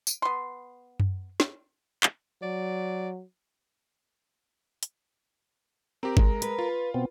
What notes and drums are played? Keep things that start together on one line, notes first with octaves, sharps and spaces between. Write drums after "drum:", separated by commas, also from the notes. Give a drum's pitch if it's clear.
drum: tambourine
B3 C6
drum: tom F#2
drum: snare
drum: clap
F#3 D5
drum: hi-hat
C4 G4 A#4
G#3, drum: kick
B4, drum: hi-hat
F4
B2 B3 C4